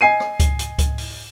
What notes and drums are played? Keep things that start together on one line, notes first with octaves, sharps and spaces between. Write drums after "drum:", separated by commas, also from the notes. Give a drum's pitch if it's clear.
D#5 G#5 C7 D#7
drum: rim click
drum: kick C#2, hi-hat
drum: hi-hat
drum: kick C#2, hi-hat
drum: open hi-hat